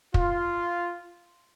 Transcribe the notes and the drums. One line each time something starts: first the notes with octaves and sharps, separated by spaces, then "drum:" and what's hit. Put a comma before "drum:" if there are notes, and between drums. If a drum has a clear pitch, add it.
F4, drum: kick